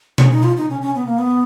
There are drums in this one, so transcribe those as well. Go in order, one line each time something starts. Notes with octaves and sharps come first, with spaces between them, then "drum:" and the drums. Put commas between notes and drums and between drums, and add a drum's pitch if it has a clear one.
C#4, drum: tom B2
D#4
F4
D#4
C#4
C#4
B3
A#3
B3